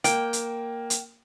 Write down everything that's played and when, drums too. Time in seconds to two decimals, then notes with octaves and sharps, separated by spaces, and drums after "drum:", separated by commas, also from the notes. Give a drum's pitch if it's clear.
0.04 A#3 G5, drum: hi-hat
0.33 drum: hi-hat
0.90 drum: hi-hat